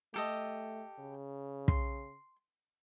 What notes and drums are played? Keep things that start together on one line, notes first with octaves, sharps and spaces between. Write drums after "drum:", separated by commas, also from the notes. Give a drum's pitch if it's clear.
A3 G4 A4 D#5
C#3
C6, drum: kick